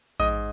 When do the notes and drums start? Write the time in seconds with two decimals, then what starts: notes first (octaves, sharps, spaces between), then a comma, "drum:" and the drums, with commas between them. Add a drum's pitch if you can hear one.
0.20 G#2 D#5 D#6, drum: kick A1